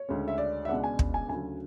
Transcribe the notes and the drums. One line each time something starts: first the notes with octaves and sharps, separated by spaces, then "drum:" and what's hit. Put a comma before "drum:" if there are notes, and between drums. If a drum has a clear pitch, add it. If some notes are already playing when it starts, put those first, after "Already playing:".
Already playing: C#5
D2 C#3 G#3 C#4
E5
D5
E5
C#2 B2 G#3 D4 F#5
G#5
drum: kick
G#5
D2 C#3 F#3 G#5